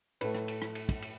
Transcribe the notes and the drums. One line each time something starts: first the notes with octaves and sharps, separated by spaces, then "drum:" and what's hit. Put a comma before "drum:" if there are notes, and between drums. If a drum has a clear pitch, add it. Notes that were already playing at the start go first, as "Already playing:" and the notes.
A2 A3 B4, drum: cymbal
drum: rim click
drum: cymbal
drum: rim click
drum: cymbal
drum: kick, cymbal
drum: cymbal